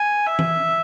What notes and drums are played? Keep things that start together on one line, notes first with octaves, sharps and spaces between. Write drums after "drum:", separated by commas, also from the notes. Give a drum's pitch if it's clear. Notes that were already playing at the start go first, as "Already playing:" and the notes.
Already playing: G#5
E5
drum: tom E3